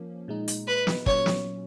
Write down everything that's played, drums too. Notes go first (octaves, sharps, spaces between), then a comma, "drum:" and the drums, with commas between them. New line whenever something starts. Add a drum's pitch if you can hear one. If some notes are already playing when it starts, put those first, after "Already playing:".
Already playing: F3 A#3 C#4
A#2 G#3 D#4
drum: hi-hat
B4
drum: snare
A#2 F#3 C#4 C#5, drum: kick
drum: snare